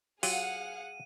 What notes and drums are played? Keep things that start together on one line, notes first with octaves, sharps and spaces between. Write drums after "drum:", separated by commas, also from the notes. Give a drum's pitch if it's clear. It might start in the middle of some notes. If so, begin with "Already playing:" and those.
F#3 F4 G4 G#4 F5 F#5 D#7, drum: open hi-hat